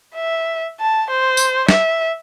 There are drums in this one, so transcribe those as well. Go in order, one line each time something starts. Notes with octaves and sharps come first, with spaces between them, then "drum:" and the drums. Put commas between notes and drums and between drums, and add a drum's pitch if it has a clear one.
E5
A5
C5
drum: tambourine
E5, drum: snare